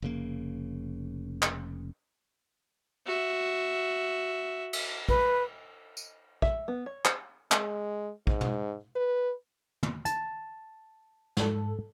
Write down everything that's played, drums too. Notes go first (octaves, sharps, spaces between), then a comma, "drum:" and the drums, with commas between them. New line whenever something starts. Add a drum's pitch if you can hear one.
F1 C#3 A#3
drum: clap
F#4 E5
drum: cymbal
B4, drum: kick A#1
drum: tambourine
E5, drum: kick A#1
B3
C#5
C5, drum: clap
G#3, drum: clap
G#2, drum: kick A#1
drum: tom
B4
drum: tom
A5, drum: hi-hat
G#2 A4, drum: snare